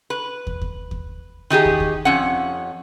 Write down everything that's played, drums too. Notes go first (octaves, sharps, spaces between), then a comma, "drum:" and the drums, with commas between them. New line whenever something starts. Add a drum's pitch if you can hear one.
B4
drum: kick
drum: kick
drum: kick
D#3 D#4 G4 G#4
drum: kick
drum: kick
F2 C#4 F#5